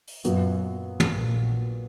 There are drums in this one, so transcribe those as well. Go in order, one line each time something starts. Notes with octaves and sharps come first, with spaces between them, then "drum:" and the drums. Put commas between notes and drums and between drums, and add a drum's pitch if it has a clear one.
drum: open hi-hat
F#2 A#2 F#3 B3 F#4, drum: hi-hat
drum: tom
A#1 A#2